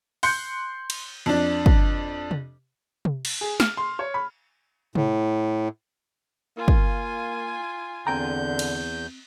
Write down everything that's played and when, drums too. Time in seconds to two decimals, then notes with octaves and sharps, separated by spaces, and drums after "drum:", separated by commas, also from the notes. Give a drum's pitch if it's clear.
0.23 C6 F#6 G6 C#7, drum: open hi-hat
0.90 drum: cymbal
1.26 F2 D4
1.66 drum: kick
2.31 drum: tom C3
3.05 drum: tom C3
3.25 drum: cymbal
3.41 G#4
3.60 F6, drum: snare
3.77 C6
3.99 C#5
4.14 B5
4.95 A2, drum: tom C3
6.57 A#3 F4 G#5
6.68 drum: kick
8.07 E2 D3 C4 G5 A#5 G6
8.59 drum: cymbal